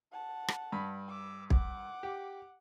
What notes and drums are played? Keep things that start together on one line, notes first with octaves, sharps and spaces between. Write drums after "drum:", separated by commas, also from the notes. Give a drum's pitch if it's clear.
F#5 A5
drum: rim click
G2 B5
D6 E6
F#5 D6, drum: kick
G4